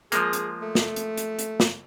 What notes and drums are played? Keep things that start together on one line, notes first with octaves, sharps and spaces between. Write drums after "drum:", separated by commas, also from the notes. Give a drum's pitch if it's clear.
F3 G#3 A#3 G#4, drum: hi-hat
drum: hi-hat
A3
drum: snare
drum: hi-hat
drum: hi-hat
drum: hi-hat
drum: snare